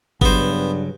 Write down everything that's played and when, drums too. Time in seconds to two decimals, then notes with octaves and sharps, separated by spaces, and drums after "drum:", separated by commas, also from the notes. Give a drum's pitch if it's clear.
0.21 G2 C#3 F#3 B3 C5, drum: kick G1